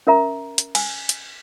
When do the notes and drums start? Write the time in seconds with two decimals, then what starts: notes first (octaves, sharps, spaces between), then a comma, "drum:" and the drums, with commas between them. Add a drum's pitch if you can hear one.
0.07 C#4 A#4 E5 A#5
0.58 drum: hi-hat
0.75 G#5, drum: cymbal
1.09 drum: hi-hat